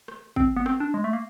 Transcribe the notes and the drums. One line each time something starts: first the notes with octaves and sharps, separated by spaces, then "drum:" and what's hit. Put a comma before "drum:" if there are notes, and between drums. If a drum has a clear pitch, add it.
drum: rim click
C4, drum: kick
B3
C4, drum: rim click
D4
G#3
A3
A#3